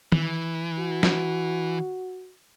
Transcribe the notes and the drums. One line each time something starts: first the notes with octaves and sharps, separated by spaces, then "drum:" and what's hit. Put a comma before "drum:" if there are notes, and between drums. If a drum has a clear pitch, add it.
E3, drum: tom
F#4
drum: snare